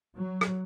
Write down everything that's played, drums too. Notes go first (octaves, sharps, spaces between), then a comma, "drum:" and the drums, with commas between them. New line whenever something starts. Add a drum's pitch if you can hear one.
F#3
drum: rim click